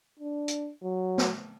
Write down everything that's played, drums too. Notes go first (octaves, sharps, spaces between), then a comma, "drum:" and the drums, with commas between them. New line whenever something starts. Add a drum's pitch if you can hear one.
D4
drum: hi-hat
F#3
drum: snare